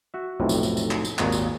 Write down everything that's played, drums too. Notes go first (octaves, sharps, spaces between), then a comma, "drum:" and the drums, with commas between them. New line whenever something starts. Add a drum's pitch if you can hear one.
F#4 E5
B1 F2 A2 C3
drum: tambourine
drum: tambourine
drum: tambourine
drum: clap
drum: tambourine
G#1 D#2 A#2 C#5 D#5, drum: clap
drum: tambourine